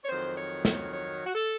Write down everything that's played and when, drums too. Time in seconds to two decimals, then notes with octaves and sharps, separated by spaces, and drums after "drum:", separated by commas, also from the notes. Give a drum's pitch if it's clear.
0.04 C#5
0.09 F2 D#3 F#3 C5
0.37 C#5
0.65 C#5, drum: snare
0.93 C#5
1.26 F#4
1.35 A4